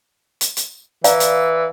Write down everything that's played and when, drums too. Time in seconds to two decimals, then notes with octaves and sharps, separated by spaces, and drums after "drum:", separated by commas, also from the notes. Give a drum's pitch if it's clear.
0.41 drum: hi-hat
0.57 drum: hi-hat
1.04 E3 D5 F5 A#5, drum: hi-hat
1.20 drum: hi-hat